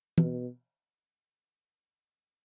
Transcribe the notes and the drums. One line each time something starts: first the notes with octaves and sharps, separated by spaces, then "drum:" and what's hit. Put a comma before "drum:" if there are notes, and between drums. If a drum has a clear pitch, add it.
B2, drum: tom